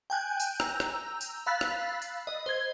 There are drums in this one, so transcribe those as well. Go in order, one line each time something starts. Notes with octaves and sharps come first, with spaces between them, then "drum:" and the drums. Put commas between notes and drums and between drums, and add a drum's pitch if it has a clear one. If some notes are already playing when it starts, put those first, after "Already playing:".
G5 G#5 F#6 G6
drum: tambourine
A#5 E6 G6, drum: rim click
drum: rim click
drum: tambourine
F5 B5 E6 F#6 A6 B6
drum: rim click
drum: tambourine
D#5
C5 G#6